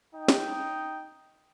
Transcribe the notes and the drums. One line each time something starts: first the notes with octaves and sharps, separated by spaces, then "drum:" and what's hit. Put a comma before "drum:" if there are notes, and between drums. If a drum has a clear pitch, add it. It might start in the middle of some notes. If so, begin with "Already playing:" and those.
D#4 G5
drum: snare